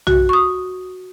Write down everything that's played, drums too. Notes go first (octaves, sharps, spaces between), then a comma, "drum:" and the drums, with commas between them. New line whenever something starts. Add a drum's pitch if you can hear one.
F#4, drum: tom B1
C#6 D#6